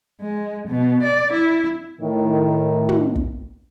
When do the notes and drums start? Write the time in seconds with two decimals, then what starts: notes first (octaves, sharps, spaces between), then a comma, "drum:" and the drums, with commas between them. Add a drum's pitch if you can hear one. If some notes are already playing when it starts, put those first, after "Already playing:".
0.21 G#3
0.68 B2
1.03 D5
1.33 E4
2.01 A2 D#3
2.89 drum: tom
3.15 drum: kick